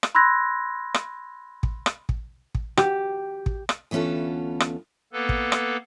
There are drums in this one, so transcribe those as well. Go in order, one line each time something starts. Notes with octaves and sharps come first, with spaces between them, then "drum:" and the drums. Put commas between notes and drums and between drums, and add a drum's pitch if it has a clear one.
drum: rim click
B5 C6 E6 F#6 G#6 A#6
drum: rim click
drum: kick
drum: rim click
drum: kick
drum: kick
G4, drum: rim click
drum: kick
drum: rim click
D2 E3 B3 C#4 F4 A4
drum: rim click
A#3 B3 A4 B4
drum: kick
drum: rim click